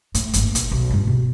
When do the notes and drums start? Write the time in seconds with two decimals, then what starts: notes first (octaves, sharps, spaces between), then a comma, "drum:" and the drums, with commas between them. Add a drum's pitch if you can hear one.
0.14 A2, drum: hi-hat
0.33 G1 A#3, drum: hi-hat
0.55 A#2, drum: hi-hat
0.71 B1
0.90 G2 F4
1.07 B2